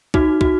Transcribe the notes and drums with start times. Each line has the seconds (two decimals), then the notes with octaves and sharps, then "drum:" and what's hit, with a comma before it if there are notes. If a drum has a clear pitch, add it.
0.14 D#4 F#4, drum: kick
0.41 F#4, drum: kick